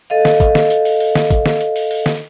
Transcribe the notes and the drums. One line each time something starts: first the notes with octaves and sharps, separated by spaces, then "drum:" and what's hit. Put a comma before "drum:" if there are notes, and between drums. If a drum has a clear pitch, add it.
A4 D#5 F5
drum: snare
drum: kick, hi-hat
drum: snare
drum: hi-hat
drum: open hi-hat
drum: open hi-hat
drum: snare
drum: kick, hi-hat
drum: snare
drum: hi-hat
drum: open hi-hat
drum: open hi-hat
drum: snare